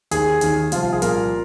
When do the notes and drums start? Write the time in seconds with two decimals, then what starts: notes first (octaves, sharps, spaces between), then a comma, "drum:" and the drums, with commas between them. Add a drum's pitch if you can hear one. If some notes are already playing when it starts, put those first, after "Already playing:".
0.11 D#2 D#3 G#4, drum: hi-hat
0.41 D#2 D#3, drum: hi-hat
0.72 C2 C3 F3 F4, drum: hi-hat
0.82 F4
0.93 G#4
1.02 C2 A#2 F3 F4 A#4, drum: hi-hat